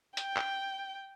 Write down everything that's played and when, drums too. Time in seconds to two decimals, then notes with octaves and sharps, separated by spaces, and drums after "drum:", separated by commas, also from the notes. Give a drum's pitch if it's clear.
0.17 G5, drum: hi-hat
0.37 drum: clap